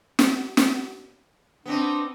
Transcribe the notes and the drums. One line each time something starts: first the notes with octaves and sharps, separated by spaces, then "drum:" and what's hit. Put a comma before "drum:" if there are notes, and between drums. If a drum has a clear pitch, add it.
drum: snare
drum: snare
B3 C4 D4 D#4